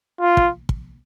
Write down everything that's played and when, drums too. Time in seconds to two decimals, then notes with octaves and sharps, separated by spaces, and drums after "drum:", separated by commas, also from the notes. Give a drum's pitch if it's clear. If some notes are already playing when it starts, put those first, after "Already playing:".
0.21 F4
0.37 drum: kick
0.69 drum: kick